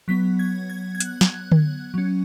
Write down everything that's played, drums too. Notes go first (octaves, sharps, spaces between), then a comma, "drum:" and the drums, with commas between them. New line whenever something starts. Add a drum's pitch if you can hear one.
F#3 B3 B6
G#6
G#6
G#6
F#6, drum: hi-hat
drum: snare
drum: tom D3
F#3 C#4